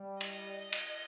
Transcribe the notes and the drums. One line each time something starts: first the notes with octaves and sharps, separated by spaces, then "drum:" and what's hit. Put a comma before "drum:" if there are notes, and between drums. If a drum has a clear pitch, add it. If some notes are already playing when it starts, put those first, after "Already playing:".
Already playing: G3
D#5, drum: cymbal
drum: cymbal